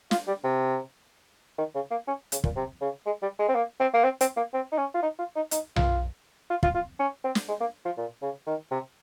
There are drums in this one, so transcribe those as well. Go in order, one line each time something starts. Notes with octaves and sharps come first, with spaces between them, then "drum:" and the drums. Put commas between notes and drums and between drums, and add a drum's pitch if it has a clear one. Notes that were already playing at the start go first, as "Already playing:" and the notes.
F4, drum: snare
G3
C3
D#3
C#3
A#3
C#4
C#3, drum: hi-hat
A#2, drum: kick
C3
C#3
G#3
G3
G#3
C4
A#3
C4
A#3
C4
C4, drum: hi-hat
A#3
C4
D#4
C#4
F4
D#4
F4
D#4
D#4, drum: hi-hat
F4, drum: tom B1
F4
F4, drum: kick
F4
C#4
C4
drum: snare
G#3
A#3
F3
A#2
C#3
D#3
C3